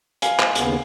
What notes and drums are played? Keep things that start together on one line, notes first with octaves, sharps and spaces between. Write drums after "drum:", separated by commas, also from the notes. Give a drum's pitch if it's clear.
F5 G#5, drum: hi-hat
drum: clap
D#2 C#3 B3, drum: hi-hat